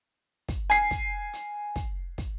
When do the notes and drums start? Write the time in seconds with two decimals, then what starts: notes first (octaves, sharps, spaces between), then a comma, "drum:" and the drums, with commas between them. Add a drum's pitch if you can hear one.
0.48 drum: kick, hi-hat
0.70 G#5 C7
0.91 drum: kick, hi-hat
1.33 drum: hi-hat
1.76 drum: kick, hi-hat
2.18 drum: kick, hi-hat